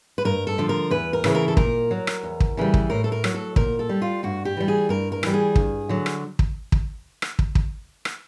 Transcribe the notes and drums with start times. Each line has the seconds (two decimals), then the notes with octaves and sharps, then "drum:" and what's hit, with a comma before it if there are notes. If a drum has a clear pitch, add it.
0.18 B4
0.25 G2 A#4
0.47 A4
0.58 D3 F3
0.69 A#4
0.90 E2 B4
1.13 A#4
1.24 C#3 E3, drum: rim click
1.35 A#4
1.48 A4
1.57 A#2 A#4, drum: kick
1.91 F#3
2.07 drum: rim click
2.23 E2
2.40 drum: kick
2.57 C#3 E3 G3
2.74 drum: kick
2.90 A2 A#4
3.04 A4
3.12 A#4
3.24 F#3, drum: rim click
3.34 A4
3.56 A#2 A#4, drum: kick
3.79 A4
3.89 G3
4.02 F4
4.23 G2 F#4
4.45 G4
4.57 E3 G3
4.68 G#4
4.89 G2 A#4
5.12 A#4
5.23 E3 G3, drum: rim click
5.34 G#4
5.56 G2, drum: kick
5.89 D3 F#3
6.06 drum: rim click
6.39 drum: kick
6.72 drum: kick
7.22 drum: rim click
7.39 drum: kick
7.55 drum: kick
8.05 drum: rim click